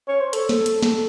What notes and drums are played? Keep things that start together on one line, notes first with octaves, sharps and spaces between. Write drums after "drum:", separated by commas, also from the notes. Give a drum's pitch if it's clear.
C#5
C5
A4, drum: hi-hat
drum: snare
drum: hi-hat
drum: snare